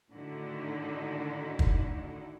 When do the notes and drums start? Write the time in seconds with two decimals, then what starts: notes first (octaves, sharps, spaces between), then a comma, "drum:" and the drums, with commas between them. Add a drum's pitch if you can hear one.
0.12 A2 D3 D#3 D#4 E4 F#4
1.59 drum: kick